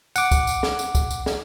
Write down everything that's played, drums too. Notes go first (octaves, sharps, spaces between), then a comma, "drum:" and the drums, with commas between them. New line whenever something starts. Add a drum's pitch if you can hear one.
F#5 D6, drum: tambourine
drum: kick, tambourine
drum: tambourine
drum: snare
drum: tambourine
drum: kick, tambourine
drum: tambourine
drum: snare